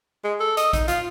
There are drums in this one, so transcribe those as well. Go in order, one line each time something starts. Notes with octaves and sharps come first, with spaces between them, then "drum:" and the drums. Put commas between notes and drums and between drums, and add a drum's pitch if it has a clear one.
G#3
A4
D#5, drum: hi-hat
D#4, drum: kick A#1, hi-hat
F4, drum: hi-hat